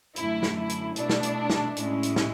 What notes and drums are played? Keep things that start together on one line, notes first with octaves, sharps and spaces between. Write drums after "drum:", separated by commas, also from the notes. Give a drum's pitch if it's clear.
F#2 D3 A3 E4, drum: hi-hat
drum: snare
E4
drum: hi-hat
B2 A3 D4 E4, drum: hi-hat
drum: snare
drum: hi-hat
drum: snare
A2 G#3 C#4 E4, drum: hi-hat
drum: hi-hat
drum: snare